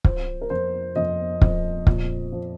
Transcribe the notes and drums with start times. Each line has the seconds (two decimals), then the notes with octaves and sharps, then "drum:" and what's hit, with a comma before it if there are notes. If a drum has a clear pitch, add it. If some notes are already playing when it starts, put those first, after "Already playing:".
0.04 F3 C5, drum: kick
0.42 A#4
0.50 F2 C5
0.96 F2 D#5
1.41 F2, drum: kick
1.87 A#2, drum: kick
2.32 F3